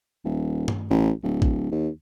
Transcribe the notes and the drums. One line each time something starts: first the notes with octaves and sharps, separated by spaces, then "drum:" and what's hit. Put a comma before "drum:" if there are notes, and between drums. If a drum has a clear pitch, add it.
D#1
drum: tom G2
A1
D1
drum: kick A1
D#2